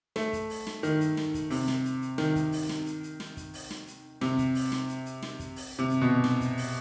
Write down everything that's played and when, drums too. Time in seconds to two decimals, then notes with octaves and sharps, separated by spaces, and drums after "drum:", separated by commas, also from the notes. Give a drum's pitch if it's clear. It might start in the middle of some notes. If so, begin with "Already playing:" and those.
0.16 A3, drum: snare
0.33 drum: kick, hi-hat
0.50 drum: open hi-hat
0.67 drum: snare
0.83 D#3, drum: hi-hat
1.00 drum: hi-hat
1.17 drum: snare
1.34 drum: kick, hi-hat
1.50 C3, drum: open hi-hat
1.68 drum: snare
1.85 drum: hi-hat
2.02 drum: hi-hat
2.18 D#3, drum: snare
2.35 drum: kick, hi-hat
2.52 drum: open hi-hat
2.69 drum: snare
2.86 drum: hi-hat
3.03 drum: hi-hat
3.20 drum: snare
3.37 drum: kick, hi-hat
3.54 drum: open hi-hat
3.71 drum: snare
3.87 drum: hi-hat
4.21 C3, drum: snare
4.38 drum: kick, hi-hat
4.55 drum: open hi-hat
4.72 drum: snare
4.89 drum: hi-hat
5.06 drum: hi-hat
5.22 drum: snare
5.39 drum: kick, hi-hat
5.56 drum: open hi-hat
5.79 C3
5.90 drum: hi-hat
6.01 B2
6.24 drum: snare
6.41 drum: kick, hi-hat
6.58 drum: open hi-hat